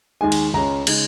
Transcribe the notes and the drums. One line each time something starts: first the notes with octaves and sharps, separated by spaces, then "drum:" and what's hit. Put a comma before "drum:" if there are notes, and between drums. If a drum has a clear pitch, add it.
D#2 D#3 G#3 D#4 G#5
drum: cymbal
C#2 C#3 G#3 C#4 A#5
C#3 G#3 D#4, drum: cymbal